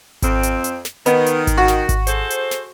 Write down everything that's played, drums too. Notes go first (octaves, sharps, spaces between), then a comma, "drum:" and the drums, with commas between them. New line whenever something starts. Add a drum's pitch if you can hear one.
F2 C4, drum: kick G#1, hi-hat
drum: hi-hat
drum: hi-hat
drum: snare
D#3 B3, drum: hi-hat
drum: hi-hat
drum: kick G#1, hi-hat
F#4
drum: snare
drum: kick G#1, hi-hat
G#4 A4 C5, drum: hi-hat
drum: hi-hat
drum: snare